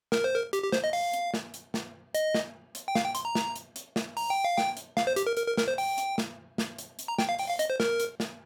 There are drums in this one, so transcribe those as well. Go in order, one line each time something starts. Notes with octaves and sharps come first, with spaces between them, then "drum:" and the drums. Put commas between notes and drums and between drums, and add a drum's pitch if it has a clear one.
A#4, drum: snare
C5
A#4
G4, drum: hi-hat
G4
C5, drum: snare
D#5
F5, drum: open hi-hat
drum: hi-hat
drum: snare
drum: hi-hat
drum: snare
D#5, drum: hi-hat
drum: snare
drum: hi-hat
G5
F5, drum: snare
G5
C6, drum: hi-hat
A#5
drum: snare
drum: hi-hat
drum: hi-hat
drum: snare
A#5, drum: open hi-hat
G5
F5
G5, drum: snare
drum: hi-hat
F5, drum: snare
C5
G4, drum: hi-hat
A#4
A#4, drum: hi-hat
A#4
A#4, drum: snare
C5
G5, drum: open hi-hat
drum: hi-hat
drum: snare
drum: snare
drum: hi-hat
drum: hi-hat
A#5
G5, drum: snare
F5
G5, drum: open hi-hat
F5
D#5, drum: hi-hat
C5
A#4, drum: snare
drum: hi-hat
drum: snare